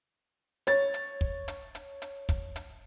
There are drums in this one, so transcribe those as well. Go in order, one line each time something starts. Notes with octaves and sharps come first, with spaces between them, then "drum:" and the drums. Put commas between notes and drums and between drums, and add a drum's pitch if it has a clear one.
C#5 A6, drum: hi-hat
drum: hi-hat
drum: kick
drum: hi-hat
drum: hi-hat
drum: hi-hat
drum: kick, hi-hat
drum: hi-hat